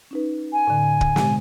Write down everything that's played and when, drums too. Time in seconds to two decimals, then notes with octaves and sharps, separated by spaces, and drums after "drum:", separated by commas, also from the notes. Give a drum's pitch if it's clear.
0.11 C#4 D#4 B4
0.53 G#5
0.67 A2 D3
1.01 drum: kick
1.16 B2 G#3, drum: snare